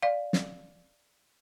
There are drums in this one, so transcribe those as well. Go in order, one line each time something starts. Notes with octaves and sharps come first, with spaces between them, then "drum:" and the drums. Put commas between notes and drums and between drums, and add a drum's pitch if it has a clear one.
D5 F5
drum: snare